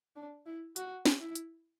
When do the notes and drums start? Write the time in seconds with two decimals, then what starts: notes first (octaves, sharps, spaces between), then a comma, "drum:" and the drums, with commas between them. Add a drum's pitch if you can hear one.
0.16 D4
0.46 E4
0.76 F#4, drum: hi-hat
1.05 drum: snare
1.20 E4
1.35 drum: hi-hat